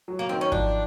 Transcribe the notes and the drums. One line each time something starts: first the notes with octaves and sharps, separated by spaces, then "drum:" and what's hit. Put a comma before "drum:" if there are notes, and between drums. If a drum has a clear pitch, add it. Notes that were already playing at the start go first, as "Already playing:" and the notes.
F#3
A#3
D#3 C4
C#4
F3 D4, drum: kick G#1